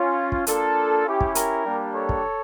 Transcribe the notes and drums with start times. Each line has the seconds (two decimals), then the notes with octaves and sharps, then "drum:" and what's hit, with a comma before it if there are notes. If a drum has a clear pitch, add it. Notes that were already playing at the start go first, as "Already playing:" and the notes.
Already playing: C#4 F4
0.32 drum: kick
0.47 A#3 D4 F4 A4, drum: hi-hat
1.06 C#4 E4 G4
1.21 drum: kick
1.35 G4 A#4, drum: hi-hat
1.65 G3 A#3 D4 G4
1.94 A4 C#5
2.09 drum: kick